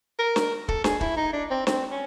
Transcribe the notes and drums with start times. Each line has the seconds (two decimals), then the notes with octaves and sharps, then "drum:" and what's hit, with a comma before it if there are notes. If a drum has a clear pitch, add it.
0.19 A#4
0.36 drum: snare
0.68 A4, drum: kick
0.84 G#4, drum: snare
1.01 E4, drum: kick
1.17 D#4
1.33 D4
1.51 C4
1.67 C4, drum: snare
1.91 C#4